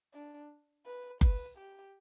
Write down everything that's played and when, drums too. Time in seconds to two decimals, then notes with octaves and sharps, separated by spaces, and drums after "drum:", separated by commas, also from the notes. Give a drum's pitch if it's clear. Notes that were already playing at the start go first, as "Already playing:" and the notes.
0.14 D4
0.86 B4
1.21 B4, drum: kick F#1
1.58 G4